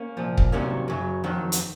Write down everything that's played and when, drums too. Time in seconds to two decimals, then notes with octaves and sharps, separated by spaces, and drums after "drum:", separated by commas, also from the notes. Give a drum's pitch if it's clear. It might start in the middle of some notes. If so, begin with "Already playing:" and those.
Already playing: A#3 C#4
0.17 C2 A#2 F3
0.37 drum: kick
0.52 C2 C3 D#3 F#3 A#3 C#4
0.88 F#2 C#3 F#3
1.24 F2 D#3 F#3
1.52 drum: hi-hat